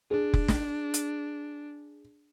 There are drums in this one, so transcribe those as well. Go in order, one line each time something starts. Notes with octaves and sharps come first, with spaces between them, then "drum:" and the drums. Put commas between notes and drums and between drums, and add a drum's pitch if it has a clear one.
D4 G#4
drum: kick F1
drum: snare
drum: hi-hat